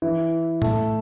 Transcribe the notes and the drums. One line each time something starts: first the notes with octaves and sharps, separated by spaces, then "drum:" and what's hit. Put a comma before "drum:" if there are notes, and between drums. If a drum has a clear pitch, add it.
E3 E4
A3 A4, drum: tom A2